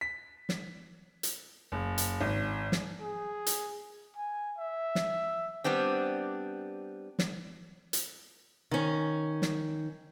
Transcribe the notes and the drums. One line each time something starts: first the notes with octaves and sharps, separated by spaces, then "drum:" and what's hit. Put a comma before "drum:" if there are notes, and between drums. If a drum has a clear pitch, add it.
B6
drum: snare
drum: hi-hat
F#1
drum: hi-hat
G#1
drum: snare
G#4
drum: hi-hat
G#5
E5
drum: snare
G3 B3 C4 D4
drum: snare
drum: hi-hat
D#3 C#4
drum: snare